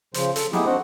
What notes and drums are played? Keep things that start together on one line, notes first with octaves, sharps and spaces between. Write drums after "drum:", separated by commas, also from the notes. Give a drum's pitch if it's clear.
C#3 F3 C5, drum: hi-hat
A4, drum: hi-hat
A3 B3 D#4 E4 G4 G#4, drum: snare
C4 D4 F#4 C5 D#5 F#5